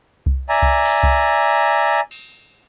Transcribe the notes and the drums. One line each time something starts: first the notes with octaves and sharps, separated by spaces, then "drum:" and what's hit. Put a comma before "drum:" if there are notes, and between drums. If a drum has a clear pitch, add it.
drum: kick C2
D5 E5 G#5 A#5
drum: kick C2
drum: open hi-hat
drum: kick C2
drum: cymbal